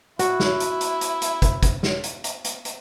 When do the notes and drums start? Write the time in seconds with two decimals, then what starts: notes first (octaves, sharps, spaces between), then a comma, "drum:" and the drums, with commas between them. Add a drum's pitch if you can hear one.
0.19 E4 F#4, drum: hi-hat
0.40 drum: snare
0.60 drum: hi-hat
0.81 drum: hi-hat
1.01 drum: hi-hat
1.22 drum: hi-hat
1.42 drum: kick, hi-hat
1.63 drum: kick, hi-hat
1.83 drum: snare
2.04 drum: hi-hat
2.24 drum: hi-hat
2.44 drum: hi-hat
2.65 drum: hi-hat